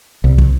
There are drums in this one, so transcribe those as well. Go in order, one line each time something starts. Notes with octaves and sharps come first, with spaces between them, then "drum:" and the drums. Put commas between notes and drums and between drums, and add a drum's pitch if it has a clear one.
C2
drum: kick